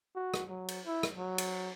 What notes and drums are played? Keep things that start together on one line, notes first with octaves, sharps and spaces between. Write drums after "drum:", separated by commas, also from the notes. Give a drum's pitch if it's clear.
F#4
drum: rim click
F#3
drum: cymbal
E4
drum: rim click
F#3
drum: cymbal